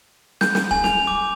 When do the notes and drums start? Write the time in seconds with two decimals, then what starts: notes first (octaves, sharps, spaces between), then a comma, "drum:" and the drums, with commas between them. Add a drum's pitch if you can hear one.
0.41 G6, drum: snare
0.55 drum: snare
0.71 G#5, drum: kick C#1
0.84 F7, drum: snare
1.07 D6